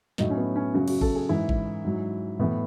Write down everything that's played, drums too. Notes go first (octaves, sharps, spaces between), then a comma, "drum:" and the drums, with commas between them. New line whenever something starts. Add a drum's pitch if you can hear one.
A2 F#3 D#4, drum: snare
C#4
B3
C#4
F#2 C#3 F#3 F#4
F#4, drum: cymbal
A4, drum: kick
G#4
G#2 E3 E4
drum: kick
G#2 F#3
A2 E3 B3